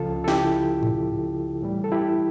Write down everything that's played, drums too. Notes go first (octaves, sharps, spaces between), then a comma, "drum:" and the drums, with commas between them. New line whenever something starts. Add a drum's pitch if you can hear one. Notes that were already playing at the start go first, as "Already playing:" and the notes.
Already playing: C#2 C#3 F3 F4 A4
A4
E4 G4, drum: snare
drum: tom G#2
A2 E3 G3
A4
E4 G4